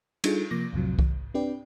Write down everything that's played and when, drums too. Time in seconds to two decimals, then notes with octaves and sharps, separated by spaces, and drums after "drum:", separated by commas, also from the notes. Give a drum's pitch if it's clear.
0.24 G3 D4 D#4 F4 G#4 A4, drum: cymbal
0.51 C3 F3 A#3 D6 A#6
0.73 B1 F2 A2 C3 F3 F#3
0.99 G1, drum: kick C2
1.34 C4 D4 G4 B4 D5 G5